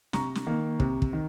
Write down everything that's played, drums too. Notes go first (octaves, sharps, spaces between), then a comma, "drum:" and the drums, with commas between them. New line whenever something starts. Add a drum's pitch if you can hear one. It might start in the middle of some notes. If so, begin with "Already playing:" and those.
C3 A#5 C#6, drum: snare
drum: snare
D#3 A#3
C3, drum: kick
drum: kick
D#3